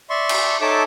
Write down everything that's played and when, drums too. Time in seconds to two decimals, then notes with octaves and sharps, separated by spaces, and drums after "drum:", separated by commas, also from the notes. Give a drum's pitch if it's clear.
0.10 D5 E5 C6 C#6
0.29 drum: cymbal
0.61 D#4 A4 C#5 E5 A5 D6